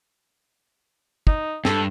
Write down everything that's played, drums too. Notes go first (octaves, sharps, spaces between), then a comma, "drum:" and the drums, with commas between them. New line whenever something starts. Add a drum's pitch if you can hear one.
D#4, drum: kick
G2 A4, drum: snare